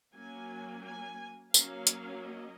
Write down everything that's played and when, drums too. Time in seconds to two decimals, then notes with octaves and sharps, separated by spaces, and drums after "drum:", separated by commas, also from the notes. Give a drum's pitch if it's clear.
0.13 F#3 A#3 C#4 G#5
0.84 G#5
1.54 F#3 A#3 C#4 F5, drum: tambourine
1.87 drum: hi-hat
2.25 D#5